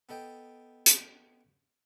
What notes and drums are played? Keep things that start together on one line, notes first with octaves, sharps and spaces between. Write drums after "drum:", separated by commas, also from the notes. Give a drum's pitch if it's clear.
B3 A4 D#5 G5
drum: hi-hat